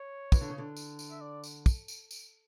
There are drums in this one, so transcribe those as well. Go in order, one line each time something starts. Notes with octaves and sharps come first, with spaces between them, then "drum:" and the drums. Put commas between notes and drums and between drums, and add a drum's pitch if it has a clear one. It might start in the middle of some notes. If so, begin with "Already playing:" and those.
Already playing: C#5
E3, drum: kick, tambourine
D3
C#3
D3
drum: tambourine
drum: tambourine
E5
D5
drum: tambourine
drum: kick, tambourine
drum: tambourine
drum: tambourine